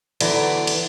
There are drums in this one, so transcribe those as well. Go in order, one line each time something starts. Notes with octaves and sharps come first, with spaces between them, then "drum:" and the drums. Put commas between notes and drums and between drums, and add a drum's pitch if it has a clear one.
D3 E3 F#3 B3 D5, drum: cymbal
drum: cymbal